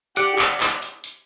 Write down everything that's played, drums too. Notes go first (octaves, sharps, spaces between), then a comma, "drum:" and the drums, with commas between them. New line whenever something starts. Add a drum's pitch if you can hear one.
G4 D5 F#5, drum: hi-hat
drum: clap
drum: clap
drum: hi-hat
drum: hi-hat